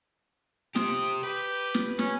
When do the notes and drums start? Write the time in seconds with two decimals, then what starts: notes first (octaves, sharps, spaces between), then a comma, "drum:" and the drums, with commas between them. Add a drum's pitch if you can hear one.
0.75 G4 C5 D#6, drum: snare
1.24 G4 B4
1.74 drum: snare
1.99 C#4, drum: snare